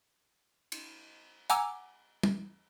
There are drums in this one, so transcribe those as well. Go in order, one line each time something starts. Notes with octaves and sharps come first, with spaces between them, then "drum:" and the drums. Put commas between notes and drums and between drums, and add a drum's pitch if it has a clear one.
drum: cymbal
F#5 G#5 A#5 D6 E6, drum: hi-hat
drum: tom